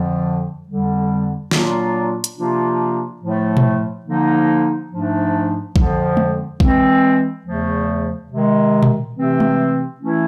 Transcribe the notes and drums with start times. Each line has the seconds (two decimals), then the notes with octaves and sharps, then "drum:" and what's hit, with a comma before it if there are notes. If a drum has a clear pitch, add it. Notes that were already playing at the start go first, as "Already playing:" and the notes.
Already playing: F2 D3 F3
0.67 F2 D3 G3
1.51 A#2 F#3 A#3 D4 F4, drum: snare
2.24 drum: hi-hat
2.36 C3 F3 A#3 D4 F4
3.20 A2 F3 A3
3.57 drum: tom A#2
4.05 D3 F3 A#3 D#4
4.91 G#2 F3 A3 D4
5.76 F2 D3 F3, drum: kick A1
6.17 drum: tom G#3
6.60 E3 G#3 C4, drum: kick A1
7.45 E2 C#3 F3 A3
8.29 C3 D#3 G#3
8.83 drum: tom A#2
9.14 C3 E3 A3 C4
9.40 drum: tom G#3
10.00 E3 A3 C#4 E4